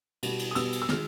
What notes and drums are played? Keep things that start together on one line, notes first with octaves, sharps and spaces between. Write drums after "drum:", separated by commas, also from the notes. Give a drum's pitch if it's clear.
B2 G3 B3, drum: cymbal
drum: cymbal
D#6
B2 G3 B3 E6, drum: cymbal
drum: cymbal
E6
D#3 G#3 F6, drum: snare